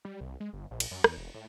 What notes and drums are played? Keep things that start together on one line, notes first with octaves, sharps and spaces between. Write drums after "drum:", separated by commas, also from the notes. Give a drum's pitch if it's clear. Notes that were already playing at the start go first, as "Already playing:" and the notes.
G3
C2
G#3
G1
A#1
drum: cymbal
F#2
E2, drum: rim click
E1
A2